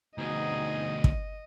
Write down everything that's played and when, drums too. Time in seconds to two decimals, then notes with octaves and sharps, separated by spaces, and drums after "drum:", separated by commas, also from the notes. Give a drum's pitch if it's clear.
0.18 D2 B2 C4 D#4 G#4 D#5
1.04 drum: kick